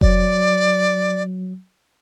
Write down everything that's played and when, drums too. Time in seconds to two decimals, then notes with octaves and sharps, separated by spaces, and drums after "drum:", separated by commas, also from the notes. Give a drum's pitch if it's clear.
0.01 F#3 D5, drum: kick F1